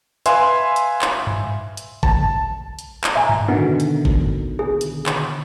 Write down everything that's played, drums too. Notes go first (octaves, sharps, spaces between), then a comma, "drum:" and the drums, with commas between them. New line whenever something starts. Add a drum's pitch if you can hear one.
B4 E5 F5 G#5 C6, drum: hi-hat
drum: hi-hat
drum: clap
drum: tom G2
drum: hi-hat
A5, drum: kick G#1
drum: hi-hat
drum: clap
E5 G#5 A#5
drum: tom G2
B2 D3 D#3 B3
drum: hi-hat
drum: kick G#1
G#4
drum: hi-hat
drum: clap